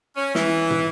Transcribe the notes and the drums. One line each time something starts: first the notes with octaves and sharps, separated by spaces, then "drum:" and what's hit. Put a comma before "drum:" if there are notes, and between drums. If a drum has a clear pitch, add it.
C#4
E3, drum: snare
drum: tom